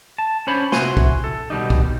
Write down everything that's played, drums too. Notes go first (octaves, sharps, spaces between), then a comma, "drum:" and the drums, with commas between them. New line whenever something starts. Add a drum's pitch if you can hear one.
A5
C#4 D4 C5 C#5 B5
C3 E4 F#4 G#5 C6, drum: snare
drum: kick
A4
B2 D#3 G3 D#4
drum: kick